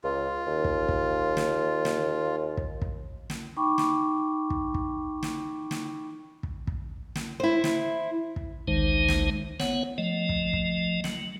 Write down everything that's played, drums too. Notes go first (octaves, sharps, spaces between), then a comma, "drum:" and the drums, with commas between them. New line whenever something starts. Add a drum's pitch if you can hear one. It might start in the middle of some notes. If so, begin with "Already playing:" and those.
C#2 F4
D#2
drum: kick
drum: kick
drum: snare
drum: snare
drum: kick
drum: kick
drum: snare
D#4 G5 B5 C#6 D6
drum: snare
drum: kick
drum: kick
drum: snare
drum: snare
drum: kick
drum: kick
drum: snare
E4 C5
drum: snare
drum: kick
A1 D2 D#3 G#3 D#4 C5
drum: snare
B3 C#5 F#5, drum: snare
F3 A3 D#5
drum: kick
drum: kick
F#3, drum: snare